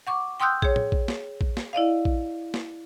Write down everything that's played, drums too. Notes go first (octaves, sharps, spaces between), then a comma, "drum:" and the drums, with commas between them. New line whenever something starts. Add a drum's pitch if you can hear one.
F#5 C#6 D6
G5 C6 D#6 E6 F#6 G6
G#4 C#5, drum: kick A#1
drum: tom A2
drum: kick A#1
drum: snare
drum: kick A#1
drum: snare
E4 D5 D#5 F5
drum: kick A#1
drum: snare